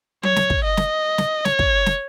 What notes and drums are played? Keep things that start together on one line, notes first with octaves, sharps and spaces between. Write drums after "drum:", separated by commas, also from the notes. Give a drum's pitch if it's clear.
C#5, drum: tom F#3
drum: snare
drum: kick
D#5
drum: snare
drum: snare
C#5, drum: snare
drum: kick
drum: snare